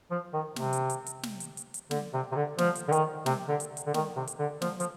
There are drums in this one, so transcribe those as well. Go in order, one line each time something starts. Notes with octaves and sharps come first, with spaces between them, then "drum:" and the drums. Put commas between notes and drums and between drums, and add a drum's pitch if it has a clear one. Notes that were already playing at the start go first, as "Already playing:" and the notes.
F3
D#3
C3, drum: snare
drum: hi-hat
drum: hi-hat
drum: hi-hat
drum: snare
drum: hi-hat
drum: hi-hat
drum: hi-hat
D3, drum: snare
C3
C3
D3
F3, drum: snare
drum: hi-hat
D3
D#3, drum: hi-hat
C3, drum: snare
D3
drum: hi-hat
drum: hi-hat
D3
D#3, drum: snare
C3
drum: hi-hat
D3
F3, drum: snare
F3, drum: hi-hat